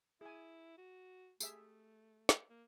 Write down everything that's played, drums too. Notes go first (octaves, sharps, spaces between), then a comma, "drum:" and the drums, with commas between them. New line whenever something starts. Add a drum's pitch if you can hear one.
E4 G#4 G#5
F#4
A3 G4 G#4 E5, drum: tambourine
drum: snare
A#3